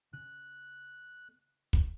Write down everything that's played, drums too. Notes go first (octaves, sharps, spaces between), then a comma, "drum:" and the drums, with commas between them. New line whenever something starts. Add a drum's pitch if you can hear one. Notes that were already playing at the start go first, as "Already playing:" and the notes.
C#3 F#6
drum: kick